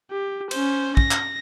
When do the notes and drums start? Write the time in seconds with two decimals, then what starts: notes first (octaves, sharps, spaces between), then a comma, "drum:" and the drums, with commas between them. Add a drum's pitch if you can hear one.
0.11 G4
0.51 C#4 C5, drum: cymbal
0.97 A#6, drum: kick
1.11 drum: clap